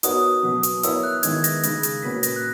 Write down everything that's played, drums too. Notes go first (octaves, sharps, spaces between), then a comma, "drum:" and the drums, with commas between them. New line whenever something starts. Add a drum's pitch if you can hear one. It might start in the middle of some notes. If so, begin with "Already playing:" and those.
B3 D#4 F#4 A#4 C#5 D#6, drum: hi-hat
B2 F#3 B3
drum: hi-hat
B3 E4 A#4 C#5 E6, drum: hi-hat
F#6
D#3 G#3 B3 E4 A#4 G#6, drum: hi-hat
A#6, drum: hi-hat
C#3 G#3 D#4, drum: hi-hat
drum: hi-hat
A#2 A#3 C#4 F#4 B4 B6
A#6, drum: hi-hat
F#6